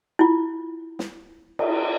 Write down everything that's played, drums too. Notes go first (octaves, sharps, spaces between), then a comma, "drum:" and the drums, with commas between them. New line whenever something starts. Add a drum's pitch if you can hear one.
E4 F4
drum: snare
drum: cymbal